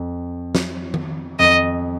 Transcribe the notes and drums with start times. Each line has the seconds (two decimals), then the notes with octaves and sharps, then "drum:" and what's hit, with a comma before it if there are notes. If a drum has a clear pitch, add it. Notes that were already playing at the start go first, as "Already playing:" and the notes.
Already playing: F2
0.55 drum: snare
0.94 drum: tom D#3
1.39 F2 D#5